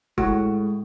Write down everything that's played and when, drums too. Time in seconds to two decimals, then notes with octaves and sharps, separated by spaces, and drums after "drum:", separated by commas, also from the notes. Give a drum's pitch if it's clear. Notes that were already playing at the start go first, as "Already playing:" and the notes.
0.18 A2 G#3 F#4, drum: kick